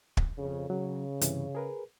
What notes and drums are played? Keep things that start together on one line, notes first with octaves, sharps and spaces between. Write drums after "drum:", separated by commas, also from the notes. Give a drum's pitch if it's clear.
drum: kick
F2 C#3
C#3 F#3
G2 C3 E3, drum: hi-hat
G#4 A#4 B4